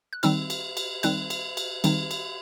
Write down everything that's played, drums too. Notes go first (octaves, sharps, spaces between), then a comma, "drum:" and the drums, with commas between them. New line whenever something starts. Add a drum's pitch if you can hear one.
F#6
D#3 G3 C4 D#4 E6, drum: cymbal
drum: cymbal
drum: cymbal
D#3 G3 C4 D#4 F#6, drum: cymbal
drum: cymbal
drum: cymbal
D#3 G3 C4 D#4, drum: cymbal
drum: cymbal